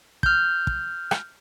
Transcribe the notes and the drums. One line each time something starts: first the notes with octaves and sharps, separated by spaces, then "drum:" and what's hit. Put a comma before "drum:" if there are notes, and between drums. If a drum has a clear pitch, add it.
F6 G6, drum: kick
drum: kick
drum: rim click